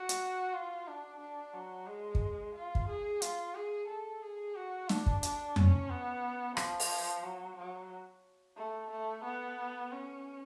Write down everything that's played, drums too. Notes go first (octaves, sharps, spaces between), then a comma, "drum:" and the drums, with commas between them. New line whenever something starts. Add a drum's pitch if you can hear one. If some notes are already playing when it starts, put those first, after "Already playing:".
Already playing: F#4
drum: hi-hat
F4
D4
D4
F#3
G#3
drum: kick
F4
drum: kick
G#4
F4, drum: hi-hat
G#4
A4
G#4
F#4
D4, drum: snare
drum: kick
D4, drum: hi-hat
C#4, drum: tom F2
B3
F3, drum: rim click
drum: open hi-hat
F#3
F#3
A3
A3
B3
C#4